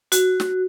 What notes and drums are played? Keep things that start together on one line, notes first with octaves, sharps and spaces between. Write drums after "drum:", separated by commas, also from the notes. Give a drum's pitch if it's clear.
F#4, drum: hi-hat
drum: snare